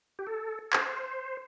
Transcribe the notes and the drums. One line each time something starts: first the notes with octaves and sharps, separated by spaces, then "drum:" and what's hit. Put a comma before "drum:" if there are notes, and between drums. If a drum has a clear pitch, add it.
G4
A4
C5, drum: clap